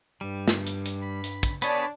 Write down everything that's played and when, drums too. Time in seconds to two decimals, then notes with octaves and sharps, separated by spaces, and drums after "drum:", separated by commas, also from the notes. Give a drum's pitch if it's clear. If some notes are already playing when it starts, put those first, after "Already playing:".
0.21 G2 G3
0.48 drum: snare
0.67 drum: hi-hat
0.86 drum: hi-hat
1.02 B5
1.24 drum: hi-hat
1.43 drum: kick, hi-hat
1.62 B3 D4 G#4 C#5 A5 B5, drum: hi-hat